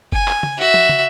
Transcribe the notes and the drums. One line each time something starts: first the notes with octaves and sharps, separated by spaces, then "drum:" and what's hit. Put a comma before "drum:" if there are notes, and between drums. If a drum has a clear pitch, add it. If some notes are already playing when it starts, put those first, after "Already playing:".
G#5, drum: kick F#1
drum: clap
drum: tom
F#4 E5
drum: tom
drum: tom